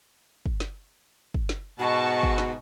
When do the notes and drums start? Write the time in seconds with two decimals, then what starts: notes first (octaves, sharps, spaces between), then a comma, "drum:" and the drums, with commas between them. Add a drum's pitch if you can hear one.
0.46 drum: kick
0.60 drum: snare
1.34 drum: kick
1.49 drum: snare
1.79 G#2 B2 F#4 D#5 A5 C#6
2.23 drum: kick
2.38 drum: snare